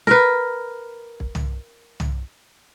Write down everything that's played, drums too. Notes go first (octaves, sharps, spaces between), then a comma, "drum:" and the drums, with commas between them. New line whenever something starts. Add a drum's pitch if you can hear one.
A#4 B4, drum: snare
drum: kick
drum: tom
drum: tom